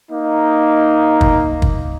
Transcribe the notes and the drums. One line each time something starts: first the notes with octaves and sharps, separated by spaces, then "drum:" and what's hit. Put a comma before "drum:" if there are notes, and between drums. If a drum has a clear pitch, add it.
A#3 D#4
drum: kick
drum: kick